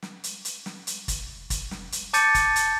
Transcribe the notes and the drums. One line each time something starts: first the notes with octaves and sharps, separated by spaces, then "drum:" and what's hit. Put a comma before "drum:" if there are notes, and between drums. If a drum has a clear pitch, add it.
drum: snare
drum: hi-hat
drum: hi-hat
drum: snare
drum: hi-hat
drum: kick, hi-hat
drum: kick, hi-hat
drum: snare
drum: hi-hat
A5 D6 G6 A6 C#7 D#7, drum: hi-hat
drum: kick, hi-hat
drum: hi-hat